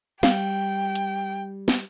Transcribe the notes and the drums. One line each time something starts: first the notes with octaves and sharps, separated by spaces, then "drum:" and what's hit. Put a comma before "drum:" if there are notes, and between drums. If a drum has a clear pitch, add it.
G3 F5 G5, drum: snare
drum: hi-hat
drum: snare